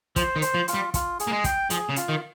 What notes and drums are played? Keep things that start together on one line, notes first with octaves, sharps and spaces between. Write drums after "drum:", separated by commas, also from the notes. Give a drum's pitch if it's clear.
F3 C5, drum: kick, hi-hat
D#3
C5, drum: hi-hat
F3
F4, drum: hi-hat
G3
F4, drum: kick, hi-hat
G#4, drum: hi-hat
A#3
G#3
G5, drum: kick, hi-hat
F3 G#4, drum: hi-hat
C#3
F4, drum: hi-hat
D#3